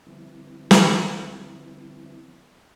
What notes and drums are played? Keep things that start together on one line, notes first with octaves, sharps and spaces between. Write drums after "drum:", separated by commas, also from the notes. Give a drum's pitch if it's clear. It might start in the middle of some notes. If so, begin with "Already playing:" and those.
D3 F3 G3 B3 C4 E4
drum: snare